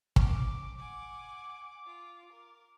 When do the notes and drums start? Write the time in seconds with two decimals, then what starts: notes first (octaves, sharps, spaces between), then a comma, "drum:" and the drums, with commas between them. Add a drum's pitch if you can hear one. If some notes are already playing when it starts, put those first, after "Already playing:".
0.16 C#4 D6, drum: kick
0.78 F#5 G#5
1.86 F4
2.32 A#4